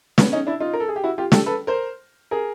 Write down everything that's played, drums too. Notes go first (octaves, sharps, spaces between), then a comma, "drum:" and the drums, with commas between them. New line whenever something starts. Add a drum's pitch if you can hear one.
B3 C#4, drum: snare
C#4 D#4
D4 E4
D#4 F4
A#4
A4
G#4
G4
E4 F#4
F4 G4
G4 A4, drum: snare
A4 B4
A#4 C5
G#4 A#4